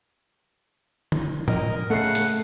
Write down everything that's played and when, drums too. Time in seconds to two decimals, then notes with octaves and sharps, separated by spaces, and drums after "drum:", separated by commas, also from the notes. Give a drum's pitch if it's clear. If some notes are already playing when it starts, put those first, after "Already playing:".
1.12 drum: tom D3
1.48 A#4 D#5, drum: tom A2
1.90 C#3 A3 F#5 C7
2.15 drum: hi-hat